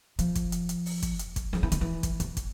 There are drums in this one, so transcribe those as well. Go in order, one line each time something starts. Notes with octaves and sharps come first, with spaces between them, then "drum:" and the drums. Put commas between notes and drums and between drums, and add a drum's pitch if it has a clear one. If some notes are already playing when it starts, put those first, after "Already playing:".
F3, drum: hi-hat
drum: kick, hi-hat
drum: hi-hat
drum: hi-hat
drum: open hi-hat
drum: kick, hi-hat
drum: hi-hat
drum: kick, hi-hat
F3, drum: snare
E3
D#3, drum: hi-hat
E3
drum: kick, hi-hat
E3, drum: hi-hat
drum: kick, hi-hat